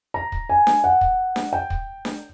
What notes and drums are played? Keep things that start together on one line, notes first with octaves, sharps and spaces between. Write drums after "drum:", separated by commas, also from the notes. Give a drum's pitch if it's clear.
A#5
drum: kick
G#5
drum: snare D4
F#5
drum: kick
drum: snare D4
G5
drum: kick
drum: snare D4